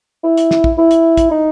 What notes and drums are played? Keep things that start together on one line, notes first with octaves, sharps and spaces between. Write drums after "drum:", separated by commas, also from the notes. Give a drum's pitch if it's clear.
E4
drum: hi-hat
drum: snare
drum: kick
E4
drum: hi-hat
drum: kick, hi-hat
D#4